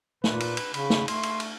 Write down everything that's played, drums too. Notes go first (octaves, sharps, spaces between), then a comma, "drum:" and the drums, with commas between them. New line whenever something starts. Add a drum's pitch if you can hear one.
A#2 B4, drum: snare
drum: cymbal
drum: cymbal
C#3 B5, drum: cymbal
drum: snare
A3 C6, drum: cymbal
drum: cymbal
drum: cymbal